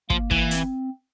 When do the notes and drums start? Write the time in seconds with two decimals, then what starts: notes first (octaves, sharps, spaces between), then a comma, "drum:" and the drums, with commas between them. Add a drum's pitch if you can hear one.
0.10 F3 A#3, drum: kick
0.31 E3, drum: kick
0.51 C4, drum: hi-hat